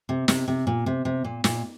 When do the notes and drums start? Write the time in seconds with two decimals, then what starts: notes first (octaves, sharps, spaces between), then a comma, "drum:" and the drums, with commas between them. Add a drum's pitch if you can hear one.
0.09 C3
0.28 C3, drum: snare
0.48 C3
0.67 A#2
0.86 C3
1.05 C3
1.24 A#2
1.44 A#2, drum: snare